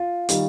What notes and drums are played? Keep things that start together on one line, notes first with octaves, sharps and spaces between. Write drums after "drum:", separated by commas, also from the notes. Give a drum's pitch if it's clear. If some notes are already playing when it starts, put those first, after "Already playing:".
Already playing: F4
D#3 G3, drum: hi-hat